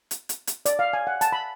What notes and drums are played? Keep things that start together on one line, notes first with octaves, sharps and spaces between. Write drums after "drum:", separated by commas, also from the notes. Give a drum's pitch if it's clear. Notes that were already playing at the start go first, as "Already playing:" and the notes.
drum: hi-hat
drum: hi-hat
drum: hi-hat
D5, drum: hi-hat
F5
G#5
F#5
A5, drum: hi-hat
B5